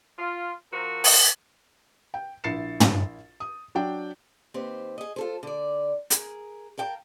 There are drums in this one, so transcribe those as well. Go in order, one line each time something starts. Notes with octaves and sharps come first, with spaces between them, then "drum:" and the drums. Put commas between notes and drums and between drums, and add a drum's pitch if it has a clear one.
F4
F3 C4 F#4 A#4
drum: open hi-hat
G5
A#1 E4 A6 C7 C#7 E7
drum: tom
D#6
F#3 D4 G5
D#2 C4 G4 B4 C5
G#4 D#5
F4 A4 C5
D3 D5
G#4 A#4, drum: hi-hat
A#4 F5 G5 A5